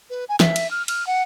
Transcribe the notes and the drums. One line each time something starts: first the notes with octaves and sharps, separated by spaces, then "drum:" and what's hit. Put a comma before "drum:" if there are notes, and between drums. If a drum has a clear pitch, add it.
B4
G#5
E5, drum: snare
drum: cymbal
F6
F6, drum: cymbal
F#5